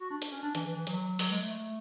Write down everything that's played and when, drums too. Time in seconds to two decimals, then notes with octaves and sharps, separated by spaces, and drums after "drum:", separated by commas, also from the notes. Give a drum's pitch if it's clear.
0.01 F#4
0.10 D4
0.22 drum: hi-hat
0.32 C#4
0.43 D4
0.55 E3, drum: hi-hat
0.66 E3
0.76 E3
0.87 F#3, drum: hi-hat
1.19 F#3, drum: open hi-hat
1.31 G#3
1.41 A3